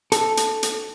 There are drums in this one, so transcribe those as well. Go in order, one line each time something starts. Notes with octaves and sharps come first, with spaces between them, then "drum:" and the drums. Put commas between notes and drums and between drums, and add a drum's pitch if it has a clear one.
A4, drum: hi-hat
drum: hi-hat
drum: hi-hat